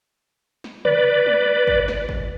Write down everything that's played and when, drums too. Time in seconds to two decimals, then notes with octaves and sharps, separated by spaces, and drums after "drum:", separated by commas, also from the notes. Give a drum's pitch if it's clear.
0.64 drum: snare
0.85 B4 D5, drum: tom
1.26 drum: tom
1.67 drum: kick
1.88 drum: snare
2.09 drum: kick